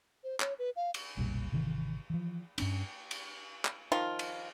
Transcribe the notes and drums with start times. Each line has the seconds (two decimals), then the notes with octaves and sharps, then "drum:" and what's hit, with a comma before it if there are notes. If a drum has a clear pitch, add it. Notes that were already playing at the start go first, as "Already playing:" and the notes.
0.24 C5
0.40 C#5, drum: clap
0.59 B4
0.76 F5
0.94 drum: cymbal
1.17 F1 B1 A#2 G3
1.52 G#1 C3 D#3 E3
2.10 E3 F3
2.58 G2 C#4 D4, drum: cymbal
3.11 drum: cymbal
3.65 drum: clap
3.92 D#3 F3 F4
4.19 drum: cymbal